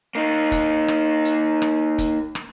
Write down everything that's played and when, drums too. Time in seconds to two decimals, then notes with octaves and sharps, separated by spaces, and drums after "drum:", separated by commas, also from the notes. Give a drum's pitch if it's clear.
0.15 A#3 D#4
0.52 drum: kick, hi-hat
0.88 drum: rim click
1.25 drum: hi-hat
1.62 drum: rim click
1.98 drum: kick, hi-hat
2.35 drum: rim click